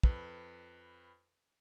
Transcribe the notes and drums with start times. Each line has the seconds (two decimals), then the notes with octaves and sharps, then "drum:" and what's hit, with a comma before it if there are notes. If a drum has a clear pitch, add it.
0.03 F2 B4, drum: kick